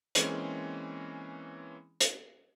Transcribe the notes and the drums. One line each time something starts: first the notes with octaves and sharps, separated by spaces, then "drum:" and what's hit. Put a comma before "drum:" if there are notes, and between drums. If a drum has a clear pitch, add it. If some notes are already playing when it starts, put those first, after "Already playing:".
E3 G#3 A#3 C4 C#4, drum: hi-hat
drum: hi-hat